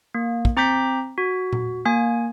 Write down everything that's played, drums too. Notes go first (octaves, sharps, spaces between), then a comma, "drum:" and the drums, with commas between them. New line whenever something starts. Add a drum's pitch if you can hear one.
A#3
drum: kick
C4 A#5 D6 G6 B6
F#4
drum: tom A#2
A#3 G#5